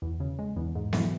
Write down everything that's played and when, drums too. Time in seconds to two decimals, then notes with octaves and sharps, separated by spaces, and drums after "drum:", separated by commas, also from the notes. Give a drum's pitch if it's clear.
0.02 E2
0.20 C#3
0.39 G#3
0.56 E2
0.75 G#2
0.93 E3, drum: snare B3